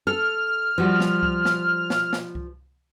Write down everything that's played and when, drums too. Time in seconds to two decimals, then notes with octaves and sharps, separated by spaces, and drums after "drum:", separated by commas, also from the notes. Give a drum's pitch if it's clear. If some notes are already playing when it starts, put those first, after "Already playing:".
0.07 A4 F6
0.78 F3 G3 F#4
1.00 drum: snare
1.23 drum: kick C2
1.45 drum: snare
1.90 drum: snare
2.13 drum: snare
2.35 drum: kick C2